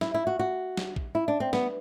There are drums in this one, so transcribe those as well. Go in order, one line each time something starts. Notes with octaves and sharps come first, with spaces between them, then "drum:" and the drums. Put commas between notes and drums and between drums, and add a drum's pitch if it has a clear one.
E4, drum: snare
E4
F#4
F#4
drum: snare
drum: kick A#1
E4
D4
C4
B3, drum: snare